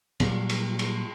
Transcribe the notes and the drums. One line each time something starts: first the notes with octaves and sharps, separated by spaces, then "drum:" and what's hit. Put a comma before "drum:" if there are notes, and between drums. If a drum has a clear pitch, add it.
A#2 F#3 G3, drum: cymbal
drum: cymbal
drum: cymbal